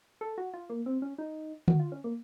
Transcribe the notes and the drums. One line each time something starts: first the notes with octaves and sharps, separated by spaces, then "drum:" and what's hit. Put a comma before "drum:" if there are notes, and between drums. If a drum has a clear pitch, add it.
A4
F#4
F4
A#3
C4
C#4
D#4
F#4, drum: tom D3
F4
C#4
A#3